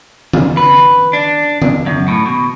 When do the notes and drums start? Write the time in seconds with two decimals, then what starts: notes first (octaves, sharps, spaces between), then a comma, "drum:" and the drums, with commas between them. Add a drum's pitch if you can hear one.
0.33 drum: tom D#3
0.57 B4
1.13 D4
1.62 drum: tom D#3
1.86 F#2
2.08 A2
2.26 B2